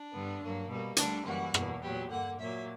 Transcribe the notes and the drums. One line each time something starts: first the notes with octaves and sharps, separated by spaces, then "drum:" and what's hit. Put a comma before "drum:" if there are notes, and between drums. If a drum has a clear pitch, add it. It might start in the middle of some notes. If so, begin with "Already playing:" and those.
Already playing: D4
G2 D3 G3 B3
G2 F#3 A#3
B2 G3 A#3
D2 D3 G3 D4, drum: hi-hat
F#2 E3 G3 A#3 F#4
E2 B2 A#3, drum: rim click
A#2 F#3 B3 G4
G2 D3 A#3 F#5
A#2 F#3 A#3 E5